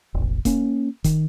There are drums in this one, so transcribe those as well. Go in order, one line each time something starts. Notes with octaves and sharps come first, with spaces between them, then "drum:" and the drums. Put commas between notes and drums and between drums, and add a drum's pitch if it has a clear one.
E1 A1
A#3 C#4, drum: kick E1, hi-hat
D#3, drum: kick E1, hi-hat